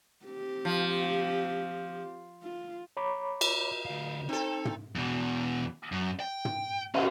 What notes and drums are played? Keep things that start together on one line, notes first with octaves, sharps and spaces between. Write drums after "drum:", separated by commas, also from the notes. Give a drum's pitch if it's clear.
C4 G4
F3
F4
C#5 A#5 B5 D6
drum: cymbal
D2 F5
C4 D#4 A4
drum: tom
E2 B2
F#2
G5
drum: tom
D#2 C#4, drum: cymbal